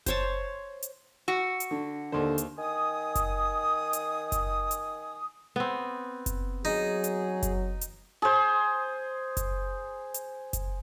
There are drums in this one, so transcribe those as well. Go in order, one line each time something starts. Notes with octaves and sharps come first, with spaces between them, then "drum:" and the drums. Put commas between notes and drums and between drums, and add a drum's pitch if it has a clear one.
C5 C#5 A5, drum: kick F#1, hi-hat
drum: hi-hat
F#4 E6
drum: hi-hat
D3
D#2 D3 C5
drum: hi-hat
D#3 G#5 D#6
drum: kick F#1, hi-hat
drum: hi-hat
drum: kick F#1, hi-hat
drum: hi-hat
B3 C4
drum: kick F#1, hi-hat
F#3 D#4 G#4
drum: hi-hat
drum: kick F#1, hi-hat
drum: hi-hat
G#4 C5
drum: kick F#1, hi-hat
drum: hi-hat
drum: kick F#1, hi-hat